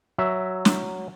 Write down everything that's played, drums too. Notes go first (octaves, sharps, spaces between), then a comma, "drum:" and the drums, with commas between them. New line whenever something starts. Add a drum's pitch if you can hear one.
F#3 E5
drum: snare